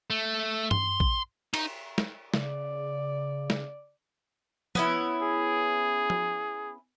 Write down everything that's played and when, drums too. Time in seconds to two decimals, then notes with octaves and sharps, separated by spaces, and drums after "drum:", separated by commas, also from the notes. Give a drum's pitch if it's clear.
0.10 A3
0.71 C6, drum: tom G2
1.00 drum: kick A#1
1.54 D#4, drum: cymbal
1.98 drum: snare
2.34 C#3 D5, drum: snare
3.50 drum: snare
4.75 B3 C#4 E4, drum: tom
5.22 G#4
6.10 drum: tom